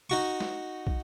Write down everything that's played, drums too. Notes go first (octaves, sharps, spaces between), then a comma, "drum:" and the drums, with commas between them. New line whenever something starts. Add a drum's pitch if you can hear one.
D#4 F#4 C#6
drum: snare
drum: kick